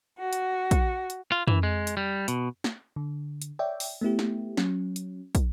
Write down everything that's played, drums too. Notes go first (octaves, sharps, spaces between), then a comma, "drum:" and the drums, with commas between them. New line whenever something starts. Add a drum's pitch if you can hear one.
F#4
drum: hi-hat
drum: kick, hi-hat
drum: hi-hat
F4
E3, drum: tom
G#3
drum: hi-hat
G3
B2, drum: hi-hat
drum: snare
D3
drum: hi-hat
C#5 D5 E5 G5
drum: open hi-hat
A3 B3 E4 G4
drum: snare
F#3 C#4, drum: snare
drum: hi-hat
drum: kick, hi-hat